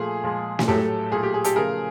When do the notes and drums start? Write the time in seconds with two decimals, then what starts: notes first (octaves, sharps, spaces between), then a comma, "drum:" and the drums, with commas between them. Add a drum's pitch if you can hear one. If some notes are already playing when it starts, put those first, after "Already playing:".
Already playing: A#2 F3 A3 G#4
0.24 A#2 F3 G#3
0.59 drum: snare
0.68 A2 F#3 A3 G4 A4
1.12 A#2 F#3 A3 G#4
1.23 G4
1.34 G#4
1.44 G4 A4, drum: hi-hat
1.56 C#3 F3 A3 G#4 A#4